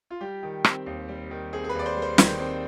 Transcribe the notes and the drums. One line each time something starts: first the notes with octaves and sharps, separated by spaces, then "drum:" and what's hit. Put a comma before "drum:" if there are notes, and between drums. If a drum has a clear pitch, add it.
F4
G3 G4
D#3
C4, drum: rim click
D#2
G3
D#3
C4 G#4
G#4
B4
D#2 D5
C5
G3
C5
D#3 C5, drum: snare
C4